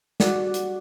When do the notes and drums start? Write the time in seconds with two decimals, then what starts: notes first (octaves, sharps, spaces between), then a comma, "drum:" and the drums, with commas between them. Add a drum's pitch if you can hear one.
0.20 G3 F#4 G#4 D5 F#5, drum: snare
0.54 drum: hi-hat